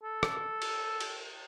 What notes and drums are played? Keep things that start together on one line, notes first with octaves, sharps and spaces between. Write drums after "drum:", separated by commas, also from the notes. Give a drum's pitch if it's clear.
A4
drum: rim click
drum: cymbal
drum: cymbal